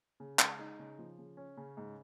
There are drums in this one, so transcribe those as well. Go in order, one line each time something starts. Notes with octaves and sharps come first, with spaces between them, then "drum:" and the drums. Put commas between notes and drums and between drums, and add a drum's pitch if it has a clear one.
C#3
G#3, drum: clap
D#4
C#3
F3
C#3
C#4
C#3
G#2